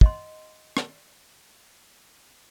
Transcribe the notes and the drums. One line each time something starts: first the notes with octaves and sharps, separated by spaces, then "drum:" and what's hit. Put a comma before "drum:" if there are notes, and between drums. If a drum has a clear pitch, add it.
D#5 F#5 C6, drum: kick
drum: rim click